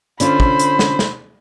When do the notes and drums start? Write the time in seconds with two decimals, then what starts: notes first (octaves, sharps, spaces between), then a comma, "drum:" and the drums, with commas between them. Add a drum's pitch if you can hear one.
0.20 D3 C#4 F4 C5 B5, drum: hi-hat
0.40 drum: kick
0.60 drum: hi-hat
0.79 drum: snare
0.99 drum: snare